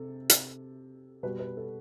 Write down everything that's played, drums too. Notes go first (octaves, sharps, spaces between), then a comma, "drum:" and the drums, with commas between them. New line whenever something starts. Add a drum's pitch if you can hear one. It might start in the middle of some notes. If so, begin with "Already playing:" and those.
Already playing: C3 A4
drum: hi-hat
B2 G3 B4
B4
A4